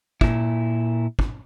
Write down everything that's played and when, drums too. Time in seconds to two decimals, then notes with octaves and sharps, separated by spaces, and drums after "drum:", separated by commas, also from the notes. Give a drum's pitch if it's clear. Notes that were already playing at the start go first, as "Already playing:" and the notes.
0.21 A#2 E4, drum: kick
1.19 drum: kick